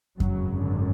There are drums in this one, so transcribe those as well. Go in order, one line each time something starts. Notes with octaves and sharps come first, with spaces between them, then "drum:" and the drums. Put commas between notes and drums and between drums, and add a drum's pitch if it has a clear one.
G#1 F#2 C#3 F#3, drum: kick F2
D3